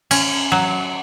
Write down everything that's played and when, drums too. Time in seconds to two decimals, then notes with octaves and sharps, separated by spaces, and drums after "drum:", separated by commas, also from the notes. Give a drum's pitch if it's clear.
0.11 C#4, drum: cymbal
0.52 F#3